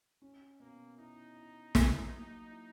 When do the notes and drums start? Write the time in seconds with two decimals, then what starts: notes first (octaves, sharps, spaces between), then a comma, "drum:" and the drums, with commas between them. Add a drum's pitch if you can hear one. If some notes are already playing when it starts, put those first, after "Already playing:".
0.22 C#4
0.60 B2 A#3
0.98 D#4 E4
1.36 E4
1.75 F#3, drum: snare
2.13 A#3
2.51 E4